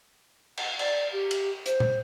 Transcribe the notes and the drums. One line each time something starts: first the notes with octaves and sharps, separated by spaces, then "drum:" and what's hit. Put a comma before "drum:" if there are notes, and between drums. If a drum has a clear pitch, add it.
F#5, drum: cymbal
D5, drum: cymbal
G4
drum: cymbal
C5, drum: hi-hat
drum: tom